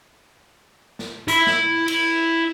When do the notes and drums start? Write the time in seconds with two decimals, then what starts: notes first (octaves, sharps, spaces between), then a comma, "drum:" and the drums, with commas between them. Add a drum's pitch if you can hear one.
0.99 drum: snare
1.28 E4 B5, drum: hi-hat
1.47 drum: snare
1.88 drum: cymbal